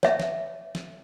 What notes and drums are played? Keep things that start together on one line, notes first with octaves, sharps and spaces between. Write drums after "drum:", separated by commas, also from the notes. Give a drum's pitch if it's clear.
C#5 E5, drum: snare
drum: snare
drum: snare